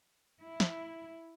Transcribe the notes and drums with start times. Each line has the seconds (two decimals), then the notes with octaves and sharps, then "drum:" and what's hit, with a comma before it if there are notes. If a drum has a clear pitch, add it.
0.42 E4
0.60 drum: snare